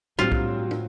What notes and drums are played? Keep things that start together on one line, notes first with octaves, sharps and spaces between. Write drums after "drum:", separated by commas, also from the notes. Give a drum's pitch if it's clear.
A2 D3 F#3 G3 C4 F4
drum: kick B1
drum: tom